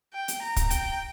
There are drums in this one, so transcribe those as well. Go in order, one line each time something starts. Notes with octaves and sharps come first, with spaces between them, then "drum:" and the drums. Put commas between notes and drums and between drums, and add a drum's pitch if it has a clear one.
G5
drum: hi-hat
A#5
drum: kick, hi-hat
G5, drum: hi-hat